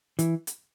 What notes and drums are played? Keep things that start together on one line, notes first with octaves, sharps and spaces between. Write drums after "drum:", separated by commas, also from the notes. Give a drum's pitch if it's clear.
E3, drum: hi-hat
drum: hi-hat